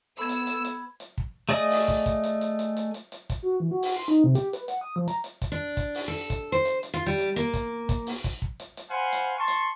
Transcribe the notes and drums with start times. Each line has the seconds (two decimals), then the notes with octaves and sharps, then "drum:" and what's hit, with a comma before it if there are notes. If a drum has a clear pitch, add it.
0.19 B3 A4 B5 E6 G#6
0.29 drum: hi-hat
0.47 drum: hi-hat
0.65 drum: hi-hat
1.00 drum: hi-hat
1.18 drum: kick
1.49 A3 G#4 D5 D#5 D#6
1.71 drum: open hi-hat
1.88 drum: kick, hi-hat
2.06 drum: kick, hi-hat
2.24 drum: hi-hat
2.41 drum: hi-hat
2.59 drum: hi-hat
2.77 drum: hi-hat
2.94 drum: hi-hat
3.12 drum: hi-hat
3.30 drum: kick, hi-hat
3.42 F#4
3.60 E3
3.71 F#4
3.83 drum: open hi-hat
3.96 C6
4.08 D#4
4.24 C3
4.35 G4, drum: hi-hat
4.53 B4, drum: hi-hat
4.68 F#5, drum: hi-hat
4.81 D#6
4.96 F3
5.08 A#5, drum: hi-hat
5.24 drum: hi-hat
5.42 drum: kick, hi-hat
5.52 D4
5.77 drum: kick, hi-hat
5.95 drum: open hi-hat
6.08 A4
6.30 drum: kick, hi-hat
6.52 C5
6.65 drum: hi-hat
6.83 drum: hi-hat
6.94 F4
7.06 G3
7.18 drum: hi-hat
7.36 A#3, drum: hi-hat
7.54 drum: kick, hi-hat
7.89 drum: kick, hi-hat
8.07 drum: open hi-hat
8.24 drum: kick, hi-hat
8.42 drum: kick
8.60 drum: hi-hat
8.77 drum: hi-hat
8.89 C5 F5 F#5 G#5 B5 C6
9.13 drum: hi-hat
9.39 A5 C6 C#6
9.48 drum: hi-hat